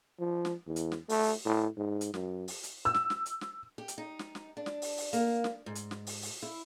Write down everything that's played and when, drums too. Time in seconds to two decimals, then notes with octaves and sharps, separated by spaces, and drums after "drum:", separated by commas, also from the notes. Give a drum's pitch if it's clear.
0.20 F3
0.45 drum: snare
0.67 E2
0.76 drum: hi-hat
0.92 drum: snare
1.09 A3, drum: open hi-hat
1.23 drum: open hi-hat
1.45 A2
1.77 G#2
2.01 drum: hi-hat
2.14 F#2, drum: snare
2.48 drum: open hi-hat
2.63 drum: hi-hat
2.85 E6
2.94 drum: snare
3.10 drum: snare
3.26 drum: hi-hat
3.41 drum: snare
3.78 G4
3.88 drum: hi-hat
3.98 D#4
4.19 drum: snare
4.35 drum: snare
4.57 D4
4.66 drum: snare
4.82 drum: open hi-hat
4.97 drum: open hi-hat
5.13 A#3, drum: hi-hat
5.44 drum: snare
5.66 G#2
5.75 drum: hi-hat
5.91 drum: snare
6.07 drum: open hi-hat
6.22 drum: open hi-hat
6.43 E4